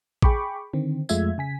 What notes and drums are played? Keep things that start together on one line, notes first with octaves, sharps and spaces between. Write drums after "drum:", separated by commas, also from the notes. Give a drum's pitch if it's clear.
G#4 G5 B5 C#6 D6, drum: kick A1
D3 D#3 C4
F2 G#3 A3 F4 E5 G#6, drum: tambourine
C#3 G#5 B6